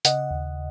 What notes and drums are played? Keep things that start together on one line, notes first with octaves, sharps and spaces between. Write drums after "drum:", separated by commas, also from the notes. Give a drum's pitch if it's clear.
C#3 D#5 F#5, drum: hi-hat
D#2